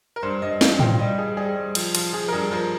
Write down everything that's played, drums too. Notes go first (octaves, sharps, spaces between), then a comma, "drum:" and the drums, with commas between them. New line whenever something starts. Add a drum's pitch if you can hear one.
A#4
G2 C5
G2 D#5
G2 F5, drum: snare
G2 G5, drum: tom A2
G3 D#5
G3 G#4
G3 G#4
G3
F3, drum: cymbal
F3, drum: cymbal
F3 G#4
A#4
G2 G#4
F3 A#4